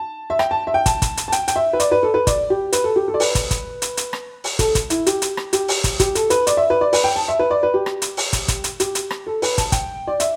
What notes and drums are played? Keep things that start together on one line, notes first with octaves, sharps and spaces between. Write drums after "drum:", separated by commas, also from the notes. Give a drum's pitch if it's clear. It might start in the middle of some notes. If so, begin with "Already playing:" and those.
Already playing: A5
E5
G5, drum: rim click
A5
E5
G5
A5, drum: kick, hi-hat
drum: kick, hi-hat
drum: hi-hat
A5
G5, drum: hi-hat
G5, drum: hi-hat
E5
B4
D5, drum: hi-hat
B4
A4
B4
D5, drum: kick, hi-hat
G4
B4, drum: hi-hat
A4
G4
A4
D5
B4, drum: open hi-hat
drum: kick, hi-hat
drum: kick, hi-hat
drum: hi-hat
drum: hi-hat
drum: rim click
drum: open hi-hat
A4, drum: kick, hi-hat
drum: kick, hi-hat
E4, drum: hi-hat
G4, drum: hi-hat
drum: hi-hat
drum: rim click
G4, drum: hi-hat
drum: open hi-hat
drum: kick, hi-hat
G4, drum: kick, hi-hat
A4, drum: hi-hat
B4, drum: hi-hat
D5, drum: hi-hat
E5
B4
D5
B4, drum: open hi-hat
G5
A5
E5
B4
D5
B4
G4
drum: rim click
drum: hi-hat
drum: open hi-hat
drum: kick, hi-hat
drum: kick, hi-hat
drum: hi-hat
G4, drum: hi-hat
drum: hi-hat
drum: rim click
A4
B4, drum: open hi-hat
A5, drum: kick, hi-hat
G5, drum: kick, hi-hat
D5
E5, drum: hi-hat